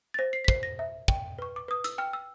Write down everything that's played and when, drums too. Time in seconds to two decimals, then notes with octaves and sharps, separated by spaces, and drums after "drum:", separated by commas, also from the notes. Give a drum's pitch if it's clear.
0.14 A6
0.19 C5 A#6
0.33 C7
0.44 B6
0.48 C5 C7, drum: kick
0.63 A#6
0.79 E5
1.08 G5, drum: kick
1.39 B4 C#6
1.56 D6
1.68 B4 D#6
1.84 E6, drum: hi-hat
1.98 G5 F6
2.13 E6